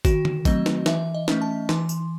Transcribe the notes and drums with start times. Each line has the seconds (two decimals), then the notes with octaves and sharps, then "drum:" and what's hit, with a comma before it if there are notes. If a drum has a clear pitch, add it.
0.05 D#3 F#4, drum: kick G#1, tambourine
0.25 drum: tom D3
0.45 F#3 A3 C4 D#5, drum: kick G#1, tambourine
0.66 drum: snare
0.86 E3 E5, drum: snare
1.14 D#5
1.28 A3 C#4, drum: snare
1.41 A5
1.69 E3 C6, drum: snare
1.89 drum: tambourine